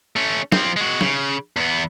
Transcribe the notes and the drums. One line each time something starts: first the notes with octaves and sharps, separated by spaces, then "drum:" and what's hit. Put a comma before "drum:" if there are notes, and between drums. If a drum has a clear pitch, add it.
A3 C#4
F3 C4, drum: snare
G#3 F#4
C#3, drum: snare
E2 B3